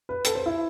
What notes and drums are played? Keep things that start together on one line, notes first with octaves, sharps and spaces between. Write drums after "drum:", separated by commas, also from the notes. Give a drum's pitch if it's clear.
B4
A4, drum: hi-hat
C5
E4